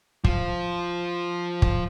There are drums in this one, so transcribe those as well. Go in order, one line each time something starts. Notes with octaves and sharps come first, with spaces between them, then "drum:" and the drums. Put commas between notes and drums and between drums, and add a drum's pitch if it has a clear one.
F3 F4, drum: kick
drum: kick